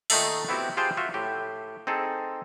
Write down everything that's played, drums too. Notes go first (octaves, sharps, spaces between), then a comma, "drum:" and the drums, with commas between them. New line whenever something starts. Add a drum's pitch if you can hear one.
A#2 D#3 A3 D#4 A4 E5, drum: open hi-hat
B3 C4 E4 F#4 G4
F4 G4 G#4 C5 G5 A5
F4 F#4 E5
A2 G4
C4 D#4 G#4 A4